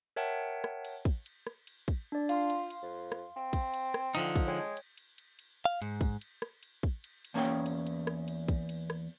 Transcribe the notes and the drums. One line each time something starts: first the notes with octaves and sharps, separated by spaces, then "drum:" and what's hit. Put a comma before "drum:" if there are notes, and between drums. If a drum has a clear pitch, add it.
A#4 C#5 E5 F#5 G5 A5
drum: rim click
drum: cymbal
drum: kick
drum: cymbal
drum: rim click
drum: cymbal
drum: kick, cymbal
D4 D5
F4 F5 C6, drum: cymbal
drum: cymbal
drum: cymbal
F2
drum: rim click
C4
drum: kick, cymbal
drum: cymbal
drum: rim click
D3 F3 D#4, drum: cymbal
drum: kick, cymbal
G#3 C#5 G5 G#6
drum: cymbal
drum: cymbal
drum: cymbal
drum: cymbal
F5
G#2, drum: cymbal
drum: kick, cymbal
drum: cymbal
drum: rim click
drum: cymbal
drum: kick
drum: cymbal
drum: cymbal
E2 A#3 C#4 C#5 G5
drum: cymbal
drum: cymbal
drum: cymbal
drum: rim click
drum: cymbal
drum: kick, cymbal
drum: cymbal
drum: rim click